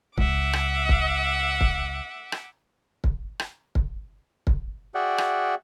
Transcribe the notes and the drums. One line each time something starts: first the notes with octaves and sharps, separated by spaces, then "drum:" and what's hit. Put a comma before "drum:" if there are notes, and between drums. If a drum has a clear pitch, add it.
C#2 E5 F#5 D6, drum: kick
drum: rim click
drum: kick
drum: kick
drum: rim click
drum: kick
drum: rim click
drum: kick
drum: kick
F#4 G#4 D5 E5 F#5 G5
drum: rim click